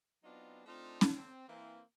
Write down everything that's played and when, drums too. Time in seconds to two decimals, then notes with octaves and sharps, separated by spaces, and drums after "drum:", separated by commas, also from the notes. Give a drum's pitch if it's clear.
0.24 F#3 B3 C4 D4 D#4 F4
0.66 A3 C4 D4 D#4 F4
1.01 drum: snare C#4
1.16 C4
1.48 E3 A#3 C4